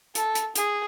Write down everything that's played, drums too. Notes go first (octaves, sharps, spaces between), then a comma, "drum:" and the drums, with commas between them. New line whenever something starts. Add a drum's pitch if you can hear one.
A4, drum: hi-hat
drum: hi-hat
G#4, drum: hi-hat